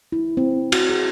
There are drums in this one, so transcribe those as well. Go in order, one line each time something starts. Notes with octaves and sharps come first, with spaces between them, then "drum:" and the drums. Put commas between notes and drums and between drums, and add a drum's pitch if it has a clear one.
E4
C4
F#4, drum: cymbal
G#4